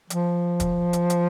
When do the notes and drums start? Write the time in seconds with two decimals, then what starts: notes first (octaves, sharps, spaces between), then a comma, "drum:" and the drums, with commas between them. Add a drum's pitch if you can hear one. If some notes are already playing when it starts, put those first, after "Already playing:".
0.10 F3, drum: hi-hat
0.60 drum: kick, hi-hat
0.93 drum: hi-hat
1.10 drum: hi-hat